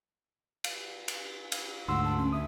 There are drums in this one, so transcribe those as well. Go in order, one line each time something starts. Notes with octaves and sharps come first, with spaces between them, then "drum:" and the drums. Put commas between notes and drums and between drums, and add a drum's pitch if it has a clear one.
drum: cymbal
drum: cymbal
drum: cymbal
D2 G#2 F#5 C6 E6
A5
C#4
E5 D#6